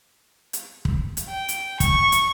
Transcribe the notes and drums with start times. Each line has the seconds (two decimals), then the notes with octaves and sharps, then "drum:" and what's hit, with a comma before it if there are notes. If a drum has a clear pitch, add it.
0.53 drum: hi-hat
0.85 drum: kick
1.17 drum: hi-hat
1.29 G5
1.48 drum: hi-hat
1.80 C#6, drum: kick, hi-hat
2.12 drum: hi-hat